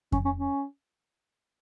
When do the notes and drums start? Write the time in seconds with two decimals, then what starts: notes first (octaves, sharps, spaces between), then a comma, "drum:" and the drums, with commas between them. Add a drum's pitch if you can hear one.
0.12 C#4, drum: kick F2
0.25 C#4
0.38 C#4